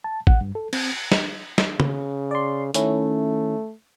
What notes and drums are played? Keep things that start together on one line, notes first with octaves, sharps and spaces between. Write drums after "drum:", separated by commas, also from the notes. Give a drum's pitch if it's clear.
A5
F#5, drum: kick
G2
A4
C4, drum: cymbal
drum: snare
drum: snare
C#3, drum: tom
D5 C6
D#3 A3 C#4 E4, drum: hi-hat